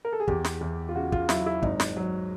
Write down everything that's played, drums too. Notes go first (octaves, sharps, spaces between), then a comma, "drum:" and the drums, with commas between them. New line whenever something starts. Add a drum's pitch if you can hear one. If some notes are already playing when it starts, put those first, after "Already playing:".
A#4
A4
G#4
E2 G4, drum: kick
drum: snare
E2
F4
C#3 F#4
F4, drum: kick
F#3 E4, drum: snare
E4
G#1 D#4, drum: kick
drum: snare
F#3